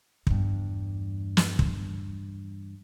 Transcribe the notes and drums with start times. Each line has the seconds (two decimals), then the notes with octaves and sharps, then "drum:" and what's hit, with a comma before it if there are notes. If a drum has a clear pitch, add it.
0.27 E2 G2, drum: kick
1.37 drum: snare
1.59 drum: kick